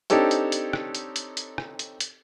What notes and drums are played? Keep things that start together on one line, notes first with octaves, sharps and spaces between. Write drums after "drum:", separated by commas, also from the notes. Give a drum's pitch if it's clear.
C4 D4 D#4 G4 A4 C#5, drum: hi-hat
drum: hi-hat
drum: hi-hat
drum: rim click
drum: hi-hat
drum: hi-hat
drum: hi-hat
drum: rim click
drum: hi-hat
drum: hi-hat